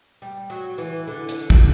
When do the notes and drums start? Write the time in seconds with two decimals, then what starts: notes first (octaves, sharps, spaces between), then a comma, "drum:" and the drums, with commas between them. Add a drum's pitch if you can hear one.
0.22 G3
0.50 F#3
0.78 E3
1.07 D3
1.29 drum: hi-hat
1.50 drum: kick